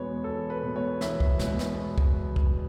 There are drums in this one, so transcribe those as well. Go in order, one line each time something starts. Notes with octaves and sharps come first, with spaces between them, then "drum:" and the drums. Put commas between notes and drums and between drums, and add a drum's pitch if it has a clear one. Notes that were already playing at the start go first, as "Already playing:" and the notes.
Already playing: E2 B2 G#3 B3 C#5
E2 A4
B4
B2 G#3 B3
C#5
E2 E5, drum: snare
drum: kick
B2 G#3 B3, drum: snare
drum: snare
drum: kick
drum: kick